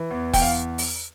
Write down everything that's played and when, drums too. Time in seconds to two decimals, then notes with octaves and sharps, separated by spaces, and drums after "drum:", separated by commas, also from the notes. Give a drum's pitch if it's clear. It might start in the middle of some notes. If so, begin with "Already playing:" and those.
Already playing: E3
0.11 E2
0.33 E2 G5, drum: kick E1, open hi-hat
0.42 F5
0.78 drum: open hi-hat